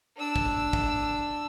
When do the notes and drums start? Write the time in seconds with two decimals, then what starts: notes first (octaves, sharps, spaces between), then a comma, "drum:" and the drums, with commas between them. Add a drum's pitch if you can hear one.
0.17 D4 E6
0.36 drum: kick
0.73 drum: kick